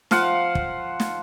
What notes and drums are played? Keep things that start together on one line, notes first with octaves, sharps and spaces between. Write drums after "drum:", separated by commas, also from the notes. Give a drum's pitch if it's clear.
F3 F5 F#5, drum: snare
drum: kick
drum: snare